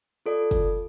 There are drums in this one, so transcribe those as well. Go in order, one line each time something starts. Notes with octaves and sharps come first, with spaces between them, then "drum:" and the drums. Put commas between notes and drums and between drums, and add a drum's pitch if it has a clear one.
F4 A4 D5
drum: kick, hi-hat